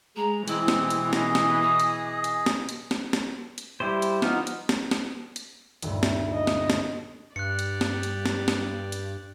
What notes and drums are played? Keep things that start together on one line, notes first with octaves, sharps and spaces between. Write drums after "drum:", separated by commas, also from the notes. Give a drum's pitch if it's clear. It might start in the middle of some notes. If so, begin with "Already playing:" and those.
G#3 A#5
B2 E3 G#3 C4 E4, drum: hi-hat
drum: snare
drum: hi-hat
G#4 D#5, drum: snare
drum: snare
D#6
drum: hi-hat
drum: hi-hat
drum: snare
drum: hi-hat
drum: snare
drum: snare
drum: hi-hat
G3 E4 G4 C5
drum: hi-hat
F3 B3 D#4 F#5 F6, drum: snare
drum: hi-hat
drum: snare
drum: snare
drum: hi-hat
D#1 D2 G2, drum: hi-hat
drum: snare
D#5
drum: snare
drum: snare
G2 G4 D5 F#6 C#7
drum: hi-hat
drum: snare
drum: hi-hat
drum: snare
drum: snare
drum: hi-hat